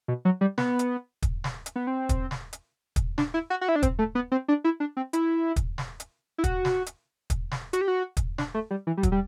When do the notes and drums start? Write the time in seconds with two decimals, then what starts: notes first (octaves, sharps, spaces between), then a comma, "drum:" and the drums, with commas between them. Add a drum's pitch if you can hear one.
0.08 B2
0.25 F#3
0.41 G3
0.58 B3, drum: snare
0.79 drum: hi-hat
1.22 drum: kick, hi-hat
1.44 drum: snare
1.66 drum: hi-hat
1.76 B3
1.87 C4
2.09 drum: kick, hi-hat
2.31 drum: snare
2.53 drum: hi-hat
2.96 drum: kick, hi-hat
3.18 D4, drum: snare
3.34 E4
3.50 F#4
3.61 F#4
3.69 E4
3.76 D4
3.83 C4, drum: kick, hi-hat
3.99 A3
4.15 B3
4.32 C4
4.48 D4
4.64 E4
4.80 D4
4.97 C4
5.13 E4, drum: hi-hat
5.56 drum: kick, hi-hat
5.78 drum: snare
6.00 drum: hi-hat
6.38 E4
6.44 F#4, drum: kick, hi-hat
6.65 drum: snare
6.86 drum: hi-hat
7.30 drum: kick, hi-hat
7.52 drum: snare
7.73 F#4, drum: hi-hat
7.81 G4
7.88 F#4
8.17 drum: kick, hi-hat
8.38 D4, drum: snare
8.54 A3
8.71 G3
8.87 E3
8.97 G3
9.03 F#3, drum: kick, hi-hat
9.12 G3